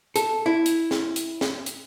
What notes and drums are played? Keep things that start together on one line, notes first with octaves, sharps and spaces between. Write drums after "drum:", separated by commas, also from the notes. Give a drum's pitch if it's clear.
A4, drum: hi-hat
E4
drum: hi-hat
drum: snare
drum: hi-hat
drum: snare
drum: hi-hat